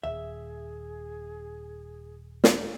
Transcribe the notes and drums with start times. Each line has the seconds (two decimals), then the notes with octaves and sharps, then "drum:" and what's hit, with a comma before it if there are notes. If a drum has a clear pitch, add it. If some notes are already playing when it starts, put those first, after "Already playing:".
0.03 D#1 D#2 G#4 E5
2.44 drum: snare